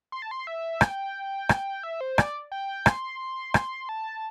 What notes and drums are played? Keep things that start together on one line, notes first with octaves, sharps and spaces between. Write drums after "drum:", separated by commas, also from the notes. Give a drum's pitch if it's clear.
C6
A5
C6
E5
G5, drum: rim click
drum: rim click
E5
C5
D5, drum: rim click
G5
C6, drum: rim click
drum: rim click
A5